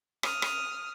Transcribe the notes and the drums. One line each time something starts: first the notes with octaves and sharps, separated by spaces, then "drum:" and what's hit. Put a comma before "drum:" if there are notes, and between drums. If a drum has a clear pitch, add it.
D#6 F6, drum: rim click
drum: rim click